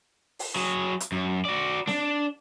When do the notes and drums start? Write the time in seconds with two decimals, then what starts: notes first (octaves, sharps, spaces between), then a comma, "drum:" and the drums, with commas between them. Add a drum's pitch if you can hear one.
0.39 drum: open hi-hat
0.56 F#3 G#4
1.00 drum: hi-hat
1.12 F#2
1.45 F#4 D5
1.87 D4, drum: snare C4